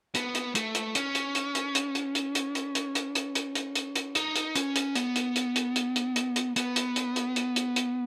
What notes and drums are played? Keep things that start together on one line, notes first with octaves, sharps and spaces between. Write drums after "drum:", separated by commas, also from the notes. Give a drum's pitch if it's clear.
B3, drum: hi-hat
drum: hi-hat
A3, drum: hi-hat
drum: hi-hat
C#4, drum: hi-hat
drum: hi-hat
drum: hi-hat
drum: hi-hat
drum: hi-hat
drum: hi-hat
drum: hi-hat
drum: hi-hat
drum: hi-hat
drum: hi-hat
drum: hi-hat
drum: hi-hat
drum: hi-hat
drum: hi-hat
drum: hi-hat
drum: hi-hat
D#4, drum: hi-hat
drum: hi-hat
C#4, drum: hi-hat
drum: hi-hat
B3, drum: hi-hat
drum: hi-hat
drum: hi-hat
drum: hi-hat
drum: hi-hat
drum: hi-hat
drum: hi-hat
drum: hi-hat
B3, drum: hi-hat
drum: hi-hat
drum: hi-hat
drum: hi-hat
drum: hi-hat
drum: hi-hat
drum: hi-hat